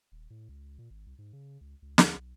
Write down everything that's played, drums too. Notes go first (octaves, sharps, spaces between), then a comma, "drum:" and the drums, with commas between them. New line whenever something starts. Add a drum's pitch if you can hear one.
D#1
A2
C#2
A#2
G#1
C2
G#2
C#3
C#2
C#2
D#2, drum: snare
B1